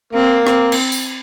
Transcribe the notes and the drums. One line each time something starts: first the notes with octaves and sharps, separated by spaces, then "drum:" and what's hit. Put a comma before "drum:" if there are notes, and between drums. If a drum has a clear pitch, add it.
A#3 C4
C4, drum: rim click
drum: cymbal
drum: tambourine